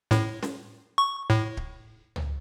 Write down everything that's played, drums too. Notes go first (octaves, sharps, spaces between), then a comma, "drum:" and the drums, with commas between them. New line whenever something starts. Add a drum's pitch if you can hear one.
A2, drum: snare
drum: snare
C#6
A2
drum: kick D1
drum: tom